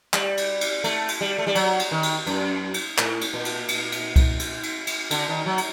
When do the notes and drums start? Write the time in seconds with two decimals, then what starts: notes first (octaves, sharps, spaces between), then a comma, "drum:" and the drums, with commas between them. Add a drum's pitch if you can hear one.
0.13 G3, drum: clap
0.37 drum: cymbal
0.61 drum: cymbal
0.84 A3, drum: cymbal
1.08 drum: cymbal
1.21 G3
1.39 A3
1.47 G3
1.55 F#3, drum: cymbal
1.79 drum: cymbal
1.91 D#3
2.03 drum: cymbal
2.27 F#2, drum: cymbal
2.74 drum: cymbal
2.98 A2, drum: clap
3.21 drum: cymbal
3.34 A#2
3.45 drum: cymbal
3.69 drum: cymbal
3.92 drum: cymbal
4.16 drum: kick C2, cymbal
4.39 drum: cymbal
4.63 drum: cymbal
4.87 drum: cymbal
5.11 D3, drum: cymbal
5.29 D#3
5.46 F#3
5.58 drum: cymbal